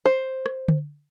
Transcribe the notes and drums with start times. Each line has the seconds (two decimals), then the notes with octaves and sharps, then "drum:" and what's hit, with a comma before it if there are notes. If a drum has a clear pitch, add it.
0.05 C5
0.46 drum: rim click
0.68 drum: tom D3